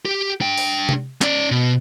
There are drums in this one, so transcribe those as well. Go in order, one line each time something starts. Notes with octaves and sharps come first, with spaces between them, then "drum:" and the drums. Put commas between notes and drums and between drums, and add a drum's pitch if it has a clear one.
G4
D4 G5
drum: open hi-hat
drum: tom C3
C#4 D5, drum: clap
B2